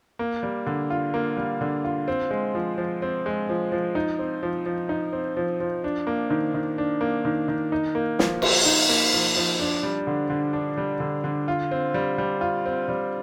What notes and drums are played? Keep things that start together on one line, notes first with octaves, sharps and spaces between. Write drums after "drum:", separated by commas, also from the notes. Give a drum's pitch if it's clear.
A#3
G3
D3
F4
A#3
G3
D3
F4
C4
G#3
F3
F3
C4
G#3
F3
F3
D#4
C4
F3
F3
D#4
C4
F3
F3
D4
A#3
D#3
D#3
D4
A#3
D#3
D#3
D#4
A#3
F3, drum: snare
F3, drum: cymbal
D#4
A#3
F3
F3
D4
G3
D3
D3
D4
G3
D3
D3
F4
C4
G3
G3
F4
C4
G3